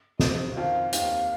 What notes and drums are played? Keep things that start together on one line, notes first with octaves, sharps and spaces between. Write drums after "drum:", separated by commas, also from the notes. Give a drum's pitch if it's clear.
C3 G3 C4 F4 D#5, drum: snare
F2 D#3 C4 F4 F5
D#2 D#3 C4 G4 F5, drum: hi-hat